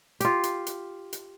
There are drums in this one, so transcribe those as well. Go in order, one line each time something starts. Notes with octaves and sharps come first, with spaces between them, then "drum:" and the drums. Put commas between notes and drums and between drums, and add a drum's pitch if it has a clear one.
F4 G4, drum: hi-hat
drum: hi-hat
drum: hi-hat
drum: hi-hat